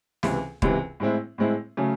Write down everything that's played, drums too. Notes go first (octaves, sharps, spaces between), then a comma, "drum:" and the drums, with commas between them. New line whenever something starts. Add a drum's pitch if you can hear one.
C#2 C3 E3, drum: snare
C#2 C3 E3, drum: kick D#1
A2 G#3 C4 E4
A2 G#3 C4 E4
C#3 F#3 A3 C#4